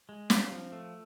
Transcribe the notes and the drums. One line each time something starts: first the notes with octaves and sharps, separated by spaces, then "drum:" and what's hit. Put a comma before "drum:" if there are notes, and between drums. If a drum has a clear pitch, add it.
G#3
C4 F4 G4, drum: snare
F3
A3